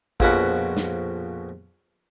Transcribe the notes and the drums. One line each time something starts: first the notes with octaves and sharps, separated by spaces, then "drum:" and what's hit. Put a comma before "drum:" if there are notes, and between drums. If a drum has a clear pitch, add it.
A#1 F2 B2 C#4 F#5 B5, drum: kick A1
drum: snare